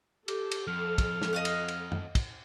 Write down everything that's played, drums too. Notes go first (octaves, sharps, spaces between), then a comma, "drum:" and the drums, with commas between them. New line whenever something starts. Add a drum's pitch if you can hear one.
G4 A4, drum: cymbal
drum: cymbal
F2 F6
drum: kick, cymbal
drum: snare
D#5 F5 F#5
drum: cymbal
drum: cymbal
drum: tom F#2
drum: kick, cymbal